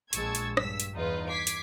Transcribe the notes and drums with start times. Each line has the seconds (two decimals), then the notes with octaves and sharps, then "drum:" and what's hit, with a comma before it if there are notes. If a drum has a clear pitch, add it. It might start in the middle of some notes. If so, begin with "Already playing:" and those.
0.13 A#1 G#3 A5 C#6 E6 G#6, drum: hi-hat
0.35 drum: hi-hat
0.57 G2 E6 B6, drum: rim click
0.80 drum: hi-hat
0.95 E2 D#4 F4 B4
1.28 D6 G#6 B6 C7
1.47 drum: hi-hat